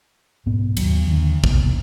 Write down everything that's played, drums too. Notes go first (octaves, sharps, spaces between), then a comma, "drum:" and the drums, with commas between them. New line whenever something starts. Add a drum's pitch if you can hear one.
B1 G#2 B3
D#2 F#3, drum: cymbal
D#2 D3
E1 C2 B3, drum: kick